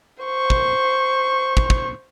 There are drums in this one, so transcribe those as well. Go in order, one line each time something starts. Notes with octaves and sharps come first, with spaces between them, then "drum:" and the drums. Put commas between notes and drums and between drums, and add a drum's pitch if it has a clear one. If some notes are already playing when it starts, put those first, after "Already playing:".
C5 C#6
drum: kick
drum: kick
drum: kick